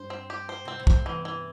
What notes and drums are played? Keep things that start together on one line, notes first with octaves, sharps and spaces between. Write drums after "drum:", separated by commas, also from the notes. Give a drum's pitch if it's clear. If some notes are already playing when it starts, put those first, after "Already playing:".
Already playing: G2 C5
C4
G4
C5
C3 C4
A2
C4, drum: kick
G2
E2 E3
E3